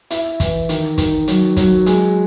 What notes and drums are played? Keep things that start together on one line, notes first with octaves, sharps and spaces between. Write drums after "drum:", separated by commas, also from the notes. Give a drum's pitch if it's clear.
E4, drum: hi-hat
E3, drum: kick, hi-hat
D#3, drum: hi-hat
D#3, drum: kick, hi-hat
F#3, drum: hi-hat
F#3, drum: kick, hi-hat
G#3, drum: hi-hat